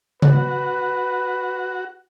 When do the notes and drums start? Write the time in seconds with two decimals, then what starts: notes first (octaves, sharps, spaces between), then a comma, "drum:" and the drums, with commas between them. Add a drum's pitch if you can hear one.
0.22 F#4 B4, drum: tom C#3